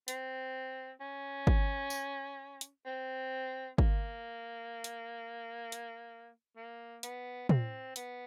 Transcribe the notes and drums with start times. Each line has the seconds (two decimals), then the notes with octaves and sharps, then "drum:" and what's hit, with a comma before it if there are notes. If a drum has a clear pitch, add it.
0.08 C4, drum: hi-hat
1.00 C#4
1.47 drum: kick
1.90 drum: tambourine
2.61 drum: hi-hat
2.86 C4
3.78 A#3, drum: kick
4.84 drum: hi-hat
5.72 drum: hi-hat
6.56 A#3
7.03 B3, drum: hi-hat
7.49 C4, drum: tom
7.96 B3, drum: hi-hat